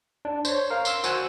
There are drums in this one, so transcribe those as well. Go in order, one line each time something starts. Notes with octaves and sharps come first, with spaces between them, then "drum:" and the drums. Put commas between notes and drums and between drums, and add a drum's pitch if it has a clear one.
D4
C5 C#5, drum: tambourine
A#4 F5
C6 E6, drum: tambourine
F#4 C5 F#5 G#5 E6 F#6, drum: tambourine